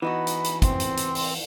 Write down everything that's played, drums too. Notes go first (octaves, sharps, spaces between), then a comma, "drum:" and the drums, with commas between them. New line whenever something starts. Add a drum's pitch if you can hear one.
E3 B3 D#4 F#4 B5
drum: hi-hat
drum: hi-hat
C4 C6, drum: kick, hi-hat
drum: hi-hat
drum: hi-hat
drum: open hi-hat